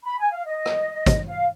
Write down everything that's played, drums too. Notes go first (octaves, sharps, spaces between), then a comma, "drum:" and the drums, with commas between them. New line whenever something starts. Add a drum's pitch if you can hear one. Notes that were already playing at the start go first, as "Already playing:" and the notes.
B5
G#5
F5
D#5
drum: rim click
drum: kick, hi-hat
F5